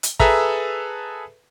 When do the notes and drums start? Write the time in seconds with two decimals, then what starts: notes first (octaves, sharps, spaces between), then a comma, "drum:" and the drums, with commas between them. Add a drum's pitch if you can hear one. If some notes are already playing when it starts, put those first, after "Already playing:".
0.03 drum: hi-hat
0.20 G#4 A4 B4 E5 A#5, drum: kick